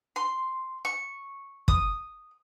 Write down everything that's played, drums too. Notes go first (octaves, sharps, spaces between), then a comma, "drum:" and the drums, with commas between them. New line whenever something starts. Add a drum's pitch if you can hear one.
C6
C#6
D#6, drum: kick